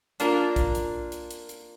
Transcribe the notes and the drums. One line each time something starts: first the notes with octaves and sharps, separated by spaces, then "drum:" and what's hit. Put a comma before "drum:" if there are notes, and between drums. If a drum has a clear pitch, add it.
A#3 D4 F4 A#4, drum: hi-hat
drum: kick, hi-hat
drum: hi-hat
drum: hi-hat
drum: hi-hat
drum: hi-hat